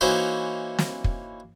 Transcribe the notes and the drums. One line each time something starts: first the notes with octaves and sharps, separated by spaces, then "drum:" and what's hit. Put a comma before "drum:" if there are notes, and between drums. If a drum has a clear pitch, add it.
E3 A#3 C#4 D#4 F#4 C5
drum: snare
drum: kick